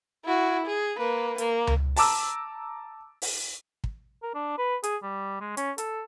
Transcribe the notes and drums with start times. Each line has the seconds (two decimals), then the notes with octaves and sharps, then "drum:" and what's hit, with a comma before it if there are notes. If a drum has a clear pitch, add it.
0.25 E4 F#4
0.66 G#4
0.98 A#3 B4
1.38 A#3, drum: hi-hat
1.67 drum: tom C#2
1.96 A5 A#5 D6 E6, drum: open hi-hat
3.22 drum: open hi-hat
3.84 drum: kick
4.23 A#4
4.34 D4
4.58 B4
4.84 G#4, drum: hi-hat
5.03 G3
5.40 G#3
5.57 C#4, drum: hi-hat
5.78 A4, drum: hi-hat